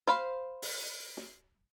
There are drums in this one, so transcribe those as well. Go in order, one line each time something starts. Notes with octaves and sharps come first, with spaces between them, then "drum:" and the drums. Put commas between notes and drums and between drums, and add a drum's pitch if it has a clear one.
C5 F5 B5, drum: snare
drum: open hi-hat
drum: snare